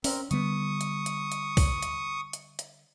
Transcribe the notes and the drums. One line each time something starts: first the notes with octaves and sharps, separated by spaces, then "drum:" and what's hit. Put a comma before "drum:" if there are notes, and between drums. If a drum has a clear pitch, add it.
C4 C#4 A#4, drum: open hi-hat
D3 G3 B3 C#6 D#6, drum: hi-hat
drum: hi-hat
drum: hi-hat
drum: hi-hat
drum: kick, open hi-hat
drum: hi-hat
drum: hi-hat
drum: hi-hat